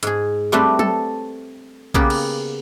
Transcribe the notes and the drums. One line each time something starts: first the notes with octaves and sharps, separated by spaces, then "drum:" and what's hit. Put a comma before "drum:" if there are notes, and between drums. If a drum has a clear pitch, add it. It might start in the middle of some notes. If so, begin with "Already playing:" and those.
G#2 G#4, drum: hi-hat
G3 A3 C4 D4 G4 B4
A4, drum: tom F#3
C#3 A#3 B3 G4, drum: kick A#1
drum: cymbal